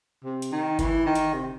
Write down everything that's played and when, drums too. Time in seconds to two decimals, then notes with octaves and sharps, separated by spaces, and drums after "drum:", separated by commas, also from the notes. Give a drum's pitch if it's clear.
0.24 C3
0.42 drum: hi-hat
0.52 D#3
0.79 E3, drum: kick G1, hi-hat
1.06 D#3
1.15 drum: hi-hat
1.34 C3